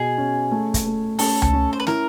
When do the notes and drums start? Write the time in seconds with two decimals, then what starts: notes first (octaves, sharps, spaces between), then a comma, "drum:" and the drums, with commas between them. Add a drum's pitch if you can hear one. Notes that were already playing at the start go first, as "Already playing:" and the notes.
Already playing: B2 G#4
0.18 C#4
0.51 A3
0.74 drum: kick, hi-hat
0.86 A3
1.19 C#4 A4, drum: open hi-hat
1.42 drum: tom C#2
1.53 C#4
1.73 C5
1.80 B4
1.87 E4 A#4, drum: snare